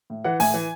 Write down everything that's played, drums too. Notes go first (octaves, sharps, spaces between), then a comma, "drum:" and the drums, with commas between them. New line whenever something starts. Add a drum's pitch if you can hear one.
A2
E3 F#5
A2 G#5, drum: open hi-hat
E3